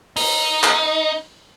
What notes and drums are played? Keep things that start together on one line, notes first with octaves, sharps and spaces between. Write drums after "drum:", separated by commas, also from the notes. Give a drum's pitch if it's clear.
D#4, drum: open hi-hat
drum: clap